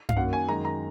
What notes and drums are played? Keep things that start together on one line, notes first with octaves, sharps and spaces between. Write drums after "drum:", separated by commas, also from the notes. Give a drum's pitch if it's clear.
F5, drum: tom G2
F#2 D#3 F#3 A#3 F#5
G#5
F#2 D#3 G#3 A#5
A#5